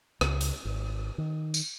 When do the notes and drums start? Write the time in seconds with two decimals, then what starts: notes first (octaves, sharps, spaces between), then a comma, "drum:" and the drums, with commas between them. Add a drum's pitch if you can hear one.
0.21 C#2, drum: rim click
0.41 drum: hi-hat
0.65 G#1
1.18 D#3
1.54 drum: tambourine